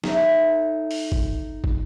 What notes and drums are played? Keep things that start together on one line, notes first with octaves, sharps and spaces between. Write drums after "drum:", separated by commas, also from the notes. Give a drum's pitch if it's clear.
D#4 A4 C#5 E5, drum: snare
drum: open hi-hat
drum: kick
drum: kick